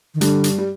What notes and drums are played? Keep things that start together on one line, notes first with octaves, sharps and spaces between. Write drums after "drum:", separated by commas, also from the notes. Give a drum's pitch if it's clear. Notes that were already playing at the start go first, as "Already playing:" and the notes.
D#3
G2 D3 G3, drum: hi-hat
drum: hi-hat
G3